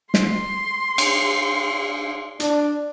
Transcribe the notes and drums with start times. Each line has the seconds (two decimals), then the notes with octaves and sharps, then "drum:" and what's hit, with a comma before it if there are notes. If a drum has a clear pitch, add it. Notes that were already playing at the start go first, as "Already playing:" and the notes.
0.14 C6, drum: snare
0.98 drum: cymbal
2.40 D4, drum: hi-hat